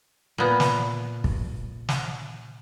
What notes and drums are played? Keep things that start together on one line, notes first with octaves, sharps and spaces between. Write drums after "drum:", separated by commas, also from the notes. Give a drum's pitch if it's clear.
A#2 B3
drum: snare
drum: kick
drum: snare